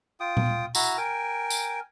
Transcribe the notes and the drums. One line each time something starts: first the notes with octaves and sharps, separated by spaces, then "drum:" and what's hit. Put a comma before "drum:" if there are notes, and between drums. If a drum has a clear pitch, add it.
F4 G5 D#6
drum: tom A#2
E4 F#4 A#5, drum: tambourine
A#4 G5 G#5
drum: tambourine